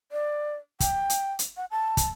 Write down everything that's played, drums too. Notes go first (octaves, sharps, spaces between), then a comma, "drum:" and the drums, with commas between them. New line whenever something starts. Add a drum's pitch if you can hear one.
D5
G5, drum: kick, hi-hat
drum: hi-hat
drum: hi-hat
F#5
A5
drum: kick, hi-hat